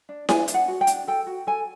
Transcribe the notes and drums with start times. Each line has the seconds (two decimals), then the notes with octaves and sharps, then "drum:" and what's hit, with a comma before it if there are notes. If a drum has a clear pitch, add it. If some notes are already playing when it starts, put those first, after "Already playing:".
0.09 D4
0.29 D4 G#5, drum: snare E4
0.48 D4, drum: hi-hat
0.54 F#5
0.68 F#4
0.81 G5
0.87 D4, drum: hi-hat
1.07 A4 G5
1.27 F#4
1.47 A4 G#5